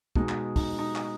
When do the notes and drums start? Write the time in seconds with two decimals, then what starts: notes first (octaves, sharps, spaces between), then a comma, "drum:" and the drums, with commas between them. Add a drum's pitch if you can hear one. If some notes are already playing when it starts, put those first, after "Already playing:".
0.16 B2 G#3 D#4, drum: kick
0.29 drum: clap
0.56 D#4, drum: kick, open hi-hat
0.79 D#4
0.96 drum: clap